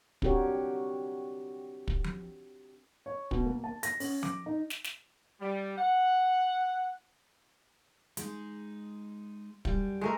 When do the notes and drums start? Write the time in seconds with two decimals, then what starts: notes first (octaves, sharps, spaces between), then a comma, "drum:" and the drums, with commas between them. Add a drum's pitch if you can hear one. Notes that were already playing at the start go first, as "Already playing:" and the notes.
0.22 C4 D4 F#4 G4 A#4 C#5, drum: kick
1.88 drum: kick
2.04 drum: tom F3
3.06 C#5
3.31 B2, drum: kick
3.46 A#3
3.64 A5
3.83 A#6, drum: hi-hat
4.00 C#4, drum: open hi-hat
4.23 D6, drum: tom F3
4.46 D#4
4.70 drum: snare
4.84 drum: snare
5.41 G3
5.78 F#5
8.17 G#3 D#4, drum: hi-hat
9.65 F#2 G3, drum: kick
10.01 G#3 A3 A#4